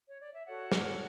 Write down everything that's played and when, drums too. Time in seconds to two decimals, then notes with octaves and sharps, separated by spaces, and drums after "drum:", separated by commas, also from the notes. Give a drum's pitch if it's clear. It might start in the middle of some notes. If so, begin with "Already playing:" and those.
0.08 C#5
0.21 D5
0.33 E5
0.45 F#4 A4 C#5 F#5
0.72 drum: snare